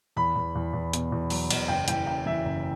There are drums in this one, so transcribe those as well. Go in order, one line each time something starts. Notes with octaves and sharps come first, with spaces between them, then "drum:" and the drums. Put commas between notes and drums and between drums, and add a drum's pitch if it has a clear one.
E2 B5
E2
E2
E2
B2, drum: hi-hat
E2
F#3, drum: open hi-hat
E2, drum: cymbal
F#1 G5
E3 G5, drum: hi-hat
F#2 G5
E3 E5
F#1